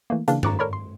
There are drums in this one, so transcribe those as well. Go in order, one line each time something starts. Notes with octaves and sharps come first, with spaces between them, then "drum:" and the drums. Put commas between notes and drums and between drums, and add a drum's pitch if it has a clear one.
E3 A3 A#3
C#3 E3 A#3 D4 F5 A5, drum: hi-hat
A#5 C#6 D6 F#6 A6, drum: tom G2
A4 A#4 C#5 D5 B5
C6